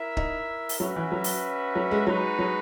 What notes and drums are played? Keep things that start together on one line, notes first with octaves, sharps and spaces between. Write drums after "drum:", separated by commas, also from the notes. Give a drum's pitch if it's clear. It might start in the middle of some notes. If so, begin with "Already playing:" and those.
Already playing: E4 A#4 E5
D#4, drum: kick
drum: open hi-hat
F#3 C#4 F#4 B4 E5
E3
F#3
drum: open hi-hat
F#3
G#3
F#3 G#3 D#4 F#4 B4
F#3